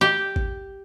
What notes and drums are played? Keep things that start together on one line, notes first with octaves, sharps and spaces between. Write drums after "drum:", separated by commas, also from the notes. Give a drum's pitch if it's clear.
G4
drum: kick G#1